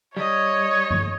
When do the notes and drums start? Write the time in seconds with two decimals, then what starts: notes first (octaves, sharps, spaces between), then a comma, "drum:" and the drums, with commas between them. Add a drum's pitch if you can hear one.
0.17 G3 C#5 D#5
0.91 drum: tom G2